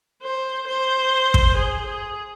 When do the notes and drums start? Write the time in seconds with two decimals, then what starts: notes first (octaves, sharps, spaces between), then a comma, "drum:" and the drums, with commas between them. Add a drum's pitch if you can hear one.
0.23 C5
0.67 C5
1.34 drum: kick
1.57 G#4
1.86 G#4